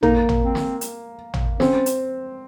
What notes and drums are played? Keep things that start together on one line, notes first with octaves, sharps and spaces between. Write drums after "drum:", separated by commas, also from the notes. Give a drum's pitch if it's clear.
A#3 D#4, drum: tom
drum: tom
C4
drum: snare
drum: hi-hat
drum: tom
C4 C#4, drum: snare
drum: hi-hat